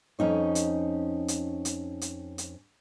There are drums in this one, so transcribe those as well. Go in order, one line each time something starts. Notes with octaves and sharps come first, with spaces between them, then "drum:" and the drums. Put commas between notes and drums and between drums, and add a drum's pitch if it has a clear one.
F2 C#4 D#4 C#5
drum: hi-hat
drum: hi-hat
drum: hi-hat
drum: hi-hat
drum: hi-hat